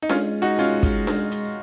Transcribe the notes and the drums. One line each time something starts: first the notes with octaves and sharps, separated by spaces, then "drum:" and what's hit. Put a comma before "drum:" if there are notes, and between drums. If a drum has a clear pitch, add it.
D#4
G#3 C#4 F4, drum: snare D4
D#4 F#4
C#4 F4, drum: hi-hat
drum: kick, hi-hat
drum: snare D4
drum: hi-hat